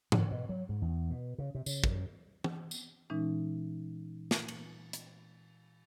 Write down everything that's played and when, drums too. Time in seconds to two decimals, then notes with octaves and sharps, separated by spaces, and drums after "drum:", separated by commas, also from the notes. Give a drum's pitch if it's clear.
0.12 D3, drum: tom G#2
0.31 B2
0.49 F#3
0.69 G#2
0.82 E2
1.10 B2
1.38 C#3
1.55 C3
1.66 C#3, drum: tambourine
1.84 F#2, drum: kick
2.44 drum: tom
2.71 drum: tambourine
3.10 A#2 E3 G#3 C#4 D#4
4.31 drum: snare
4.48 drum: cymbal
4.93 drum: hi-hat